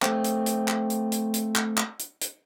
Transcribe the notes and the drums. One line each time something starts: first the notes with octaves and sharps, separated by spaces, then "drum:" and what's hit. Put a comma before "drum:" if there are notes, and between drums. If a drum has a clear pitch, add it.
A3 C4, drum: clap
drum: hi-hat
drum: hi-hat
drum: clap
drum: hi-hat
drum: hi-hat
drum: hi-hat
drum: clap
drum: clap
drum: hi-hat
drum: hi-hat